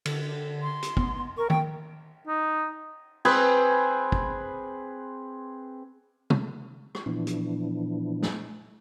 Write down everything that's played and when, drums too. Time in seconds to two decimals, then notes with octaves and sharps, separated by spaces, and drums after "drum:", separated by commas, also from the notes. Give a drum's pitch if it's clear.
0.05 D3, drum: cymbal
0.62 C6
0.82 drum: hi-hat
0.97 B3, drum: kick
1.38 A#4 C#6
1.50 G5, drum: tom
2.28 D#4
3.25 C4 G#4 B4 G#5, drum: cymbal
4.12 drum: kick
6.30 drum: tom
6.95 drum: rim click
7.06 A#2 E3 F3 B3 D4 E4
7.27 drum: hi-hat
8.23 drum: snare